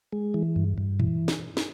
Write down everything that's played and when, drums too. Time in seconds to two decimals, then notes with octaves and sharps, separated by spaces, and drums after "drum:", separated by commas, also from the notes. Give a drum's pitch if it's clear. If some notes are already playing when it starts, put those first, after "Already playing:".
0.13 G#3
0.34 E3
0.56 G2
0.78 G2
1.00 E3, drum: tom A#2
1.28 drum: snare
1.57 drum: snare